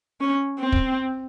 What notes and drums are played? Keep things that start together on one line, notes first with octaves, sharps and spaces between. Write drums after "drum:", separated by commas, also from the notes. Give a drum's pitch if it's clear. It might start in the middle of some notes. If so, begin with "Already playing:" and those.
C#4
C4
drum: kick